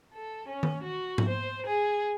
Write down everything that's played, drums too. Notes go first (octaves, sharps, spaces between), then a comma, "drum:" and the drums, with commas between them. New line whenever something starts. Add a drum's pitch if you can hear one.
A4
C#4
drum: tom D#3
F#4
drum: tom G#2
C5
G#4